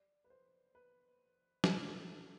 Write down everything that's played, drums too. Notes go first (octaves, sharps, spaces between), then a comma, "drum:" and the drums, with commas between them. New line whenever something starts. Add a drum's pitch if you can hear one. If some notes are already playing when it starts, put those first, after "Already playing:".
Already playing: D5
B4
C5
B4
A#4, drum: snare
A4
A4